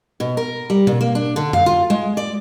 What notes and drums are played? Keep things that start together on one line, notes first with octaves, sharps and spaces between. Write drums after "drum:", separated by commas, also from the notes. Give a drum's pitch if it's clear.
B2
A#4
G3
A#2, drum: tom B2
A#3
D4
D3
F5, drum: tom F2
F4
G#3
D5